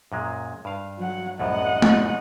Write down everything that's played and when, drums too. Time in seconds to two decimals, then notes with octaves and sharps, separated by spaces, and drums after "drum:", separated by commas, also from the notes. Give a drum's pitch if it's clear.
0.12 F#2 A#2 G#3
0.65 G2 F5
0.99 F#3 F#5
1.39 C2 F#2 A2 D#5 F#5
1.82 drum: tom G#3